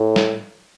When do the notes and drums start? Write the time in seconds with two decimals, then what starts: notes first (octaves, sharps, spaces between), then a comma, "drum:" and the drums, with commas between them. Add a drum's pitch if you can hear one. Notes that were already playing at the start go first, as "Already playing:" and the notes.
Already playing: A2
0.16 drum: snare